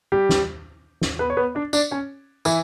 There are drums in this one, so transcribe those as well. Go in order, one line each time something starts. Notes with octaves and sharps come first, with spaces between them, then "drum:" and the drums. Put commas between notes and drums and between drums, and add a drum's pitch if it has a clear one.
G3 G4
drum: snare
drum: snare
B3 B4
C#5
B3 B4
D4 D5
D4 D5, drum: tambourine
C#4 C#5
E3 E4, drum: tambourine